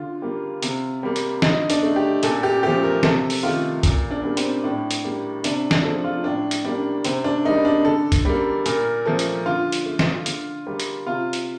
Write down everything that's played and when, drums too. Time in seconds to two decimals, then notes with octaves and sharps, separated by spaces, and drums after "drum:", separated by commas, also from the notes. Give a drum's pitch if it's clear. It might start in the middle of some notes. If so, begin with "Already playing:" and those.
Already playing: D3 F4
0.22 G3 A#3
0.63 C3, drum: hi-hat
1.03 G3 A#3
1.16 drum: hi-hat
1.42 D3 D#4, drum: snare
1.70 D4, drum: hi-hat
1.83 A3
1.96 G4
2.23 A#2 A4, drum: hi-hat
2.43 G4
2.63 F3 A3 G4
2.83 A#4
3.03 C3 A4, drum: snare
3.30 drum: open hi-hat
3.43 D#3 A3 F4
3.83 A#2, drum: kick A#1, hi-hat
4.10 D4
4.24 G3 A#3
4.37 C4, drum: hi-hat
4.64 A2 D4
4.91 drum: hi-hat
5.04 G3 A#3
5.44 C3 D4, drum: hi-hat
5.71 drum: snare
5.84 F3 A3 A4
6.04 F4
6.24 A2 D4
6.51 drum: hi-hat
6.64 G3 A#3 D4
7.05 C3 C4, drum: hi-hat
7.24 D4
7.45 G3 A#3 D#4
7.65 D4
7.85 D3 A4
8.12 drum: kick A#1, hi-hat
8.25 G3 A#3
8.66 A#2 A#4, drum: hi-hat
9.06 F3 A3 A4
9.19 drum: hi-hat
9.46 D3 F4
9.72 drum: hi-hat
9.86 A3
9.99 drum: snare
10.26 D3, drum: hi-hat
10.66 G3 A#3
10.80 drum: hi-hat
11.07 C3 F4
11.33 drum: hi-hat